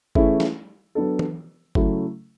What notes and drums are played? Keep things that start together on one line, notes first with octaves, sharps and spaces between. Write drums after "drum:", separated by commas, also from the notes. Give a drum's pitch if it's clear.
E3 A3 C#4 E4 G#4, drum: kick
drum: snare
F#3 B3 D4 A4
drum: tom
C#3 F#3 A3 E4, drum: kick